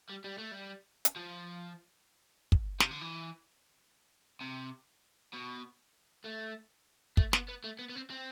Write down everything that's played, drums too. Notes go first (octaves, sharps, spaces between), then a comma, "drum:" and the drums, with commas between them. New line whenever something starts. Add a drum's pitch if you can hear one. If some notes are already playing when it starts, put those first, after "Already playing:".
G3
G3
A3
G3
drum: hi-hat
F3
drum: kick
C3, drum: snare
D3
E3
C3
B2
A3
A3, drum: kick
B3, drum: snare
B3
A3
B3
B3
C4
C4